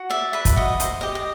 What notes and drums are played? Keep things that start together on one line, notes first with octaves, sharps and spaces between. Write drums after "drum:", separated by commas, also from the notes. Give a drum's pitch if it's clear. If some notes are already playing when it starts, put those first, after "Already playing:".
Already playing: F#4
D5 E5
B4 E5
drum: kick, hi-hat
F#4 D#5
C5 D#5, drum: hi-hat
G4 D#5
D#5